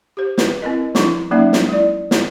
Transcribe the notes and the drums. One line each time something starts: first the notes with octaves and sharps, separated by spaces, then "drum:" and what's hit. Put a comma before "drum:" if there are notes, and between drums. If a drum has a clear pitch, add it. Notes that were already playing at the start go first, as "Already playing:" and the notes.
G4 C5
B4, drum: snare
C4 E4 A#4 D#5
F3 G3 D4 E4, drum: snare
F#3 A#3 C#4 D#4 E5
drum: snare
G#3 E4 D5
drum: snare